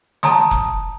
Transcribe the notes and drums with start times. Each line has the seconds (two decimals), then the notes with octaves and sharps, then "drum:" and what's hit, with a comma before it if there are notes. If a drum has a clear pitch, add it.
0.23 A5 A#5 D#6, drum: snare
0.51 drum: kick F1